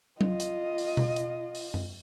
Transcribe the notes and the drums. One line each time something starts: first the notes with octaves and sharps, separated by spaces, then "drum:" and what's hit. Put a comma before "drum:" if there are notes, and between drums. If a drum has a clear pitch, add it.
F4 D#5, drum: tom F#3
drum: hi-hat
drum: open hi-hat
drum: tom B2
drum: hi-hat
drum: open hi-hat
drum: tom F#2